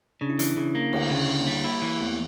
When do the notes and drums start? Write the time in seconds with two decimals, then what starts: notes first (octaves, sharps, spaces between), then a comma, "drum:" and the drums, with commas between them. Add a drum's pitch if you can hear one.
0.21 C#3 D4
0.30 E4
0.39 E3 D4, drum: hi-hat
0.57 C#3 E4
0.75 A#3
0.93 D2 E4, drum: cymbal
1.10 C#3
1.16 A3
1.29 D2
1.40 A#3
1.47 G3
1.64 A#3 E4
1.82 E3
2.00 E2 A3